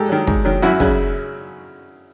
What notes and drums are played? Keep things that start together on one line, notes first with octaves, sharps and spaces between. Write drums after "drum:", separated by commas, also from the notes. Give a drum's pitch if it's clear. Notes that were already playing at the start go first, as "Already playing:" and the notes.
Already playing: G#2 G4 A4
D#3 F#3
G#2, drum: kick
D#3 F#3
F#2 E4 F#4
C#3 F#3, drum: kick